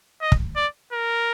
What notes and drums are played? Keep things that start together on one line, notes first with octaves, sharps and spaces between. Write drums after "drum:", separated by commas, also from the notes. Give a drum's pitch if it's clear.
D#5
drum: kick
D5
A#4